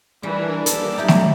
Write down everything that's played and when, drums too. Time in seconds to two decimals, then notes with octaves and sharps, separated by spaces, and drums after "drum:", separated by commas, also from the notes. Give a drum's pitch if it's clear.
0.23 E3 G3 D4 A#4 B4 G#5
0.66 A#3 G4 A4 D5, drum: hi-hat
0.97 F#3 D#4 E4 G4
1.08 drum: snare A3